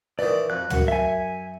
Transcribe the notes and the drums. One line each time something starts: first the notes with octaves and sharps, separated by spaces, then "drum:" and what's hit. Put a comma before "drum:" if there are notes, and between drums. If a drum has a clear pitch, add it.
D#3 E3 D5
F2 F#6
F#2 F#5, drum: tom
E5 G#5